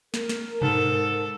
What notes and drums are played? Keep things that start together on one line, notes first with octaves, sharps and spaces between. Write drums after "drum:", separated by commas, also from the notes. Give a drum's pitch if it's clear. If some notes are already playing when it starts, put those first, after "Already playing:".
A#4, drum: snare
drum: snare
G#2 A4, drum: tom B2